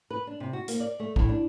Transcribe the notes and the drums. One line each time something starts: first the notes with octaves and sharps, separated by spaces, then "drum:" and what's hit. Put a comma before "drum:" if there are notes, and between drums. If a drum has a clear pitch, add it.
B4
D4
C3
F#4
A#3, drum: hi-hat
D5
A3
A2, drum: kick
D4